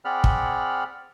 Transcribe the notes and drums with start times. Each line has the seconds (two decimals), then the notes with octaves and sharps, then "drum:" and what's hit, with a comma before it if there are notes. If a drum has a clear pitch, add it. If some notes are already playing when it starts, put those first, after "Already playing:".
0.05 C4 G#4 D5 F#5 B5 F6
0.24 drum: kick